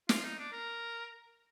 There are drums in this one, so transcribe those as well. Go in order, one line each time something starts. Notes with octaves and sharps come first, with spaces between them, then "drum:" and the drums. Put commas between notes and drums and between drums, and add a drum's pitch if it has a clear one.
F4, drum: snare
D#4
D4
A#4